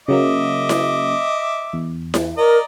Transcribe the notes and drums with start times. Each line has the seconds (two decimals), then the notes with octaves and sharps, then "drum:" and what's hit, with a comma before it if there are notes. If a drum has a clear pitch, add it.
0.08 C#3 F#3 A#3 D#5 E5 D6
0.69 drum: snare E4
1.73 E2
2.14 drum: snare E4
2.38 A#4 D5 D#5 A#5